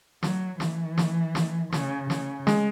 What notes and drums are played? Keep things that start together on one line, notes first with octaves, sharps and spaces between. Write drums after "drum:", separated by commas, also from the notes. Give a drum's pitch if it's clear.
F#3, drum: snare
E3, drum: snare
drum: snare
drum: snare
C#3, drum: snare
C#3, drum: snare
G#3, drum: snare